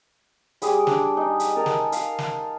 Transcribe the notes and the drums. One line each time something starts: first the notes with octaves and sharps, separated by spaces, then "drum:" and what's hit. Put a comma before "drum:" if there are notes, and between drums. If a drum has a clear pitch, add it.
G3 G#4 D6, drum: hi-hat
D4, drum: snare
D#4
drum: hi-hat
A#4 G#5 A5
drum: snare
F5, drum: hi-hat
drum: snare